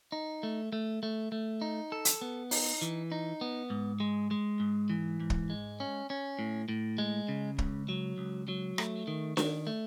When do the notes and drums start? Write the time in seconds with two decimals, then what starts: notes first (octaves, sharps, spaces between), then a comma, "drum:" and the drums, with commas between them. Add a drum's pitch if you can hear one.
0.12 D#4
0.43 A3
0.73 A3
1.03 A3
1.32 A3
1.61 D#4
1.92 A4
2.05 drum: hi-hat
2.22 B3
2.51 D#4, drum: open hi-hat
2.82 E3
3.12 D#4
3.41 B3
3.70 G#2
4.00 G#3
4.31 G#3
4.60 G#2
4.90 E3
5.20 G#2
5.30 drum: kick
5.50 G#3
5.80 C#4
6.10 C#4
6.39 A2
6.69 A2
6.98 G#3
7.28 C#3
7.58 C#2, drum: kick
7.89 F#3
8.18 C#2
8.48 F#3
8.78 A3, drum: rim click
9.08 D#3
9.37 D#3, drum: snare D4
9.67 A3